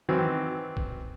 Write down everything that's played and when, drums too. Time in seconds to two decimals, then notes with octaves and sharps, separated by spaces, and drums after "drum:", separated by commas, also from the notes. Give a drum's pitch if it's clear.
0.09 D#3 E3 F#3 C4
0.77 drum: kick